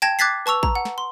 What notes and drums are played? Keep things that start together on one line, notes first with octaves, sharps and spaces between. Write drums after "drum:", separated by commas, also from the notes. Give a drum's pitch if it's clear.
G5 A5 G#6 A#6 E7
D6 F#6 G#6 A6 B6 C7
B4 A5 C#6 E6 F7
A#5, drum: kick
F#5
drum: snare
C6